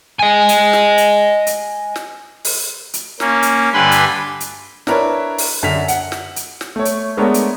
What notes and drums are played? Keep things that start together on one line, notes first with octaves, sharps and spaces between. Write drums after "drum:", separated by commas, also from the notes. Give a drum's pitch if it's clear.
D#5 G#5
drum: hi-hat
drum: snare
drum: hi-hat
drum: hi-hat
drum: snare
drum: open hi-hat
drum: hi-hat
A#3 C#4, drum: snare
drum: hi-hat
G2 D3 B4 G#5 B5 C6
drum: hi-hat
drum: hi-hat
D4 E4 A#4 B4 C#5, drum: snare
drum: open hi-hat
F#2 D3 B6 F7
F#5, drum: hi-hat
drum: snare
drum: hi-hat
drum: snare
A3 C#5
drum: hi-hat
G#3 A3 B3 D4 A#4 C#5
drum: hi-hat